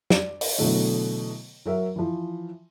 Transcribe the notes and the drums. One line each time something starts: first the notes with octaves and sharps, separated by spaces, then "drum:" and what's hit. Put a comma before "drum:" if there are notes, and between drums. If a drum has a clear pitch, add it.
D5, drum: snare
drum: open hi-hat
B2 D3 E3 F#3 A3
F#3 A#4 E5
E3 F3